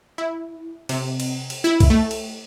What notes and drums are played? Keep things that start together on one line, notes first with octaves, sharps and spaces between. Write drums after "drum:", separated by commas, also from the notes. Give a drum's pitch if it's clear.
E4
C3, drum: cymbal
drum: cymbal
drum: cymbal
E4
drum: kick C2, cymbal
A3
drum: cymbal